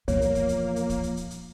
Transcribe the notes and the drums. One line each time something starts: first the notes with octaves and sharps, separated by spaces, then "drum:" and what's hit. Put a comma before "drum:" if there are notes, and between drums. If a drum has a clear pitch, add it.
E2 A#2 F3 F#3 A#3 C#5, drum: hi-hat
drum: hi-hat
drum: kick, hi-hat
drum: hi-hat
drum: hi-hat
drum: kick, hi-hat
drum: hi-hat
drum: hi-hat
drum: hi-hat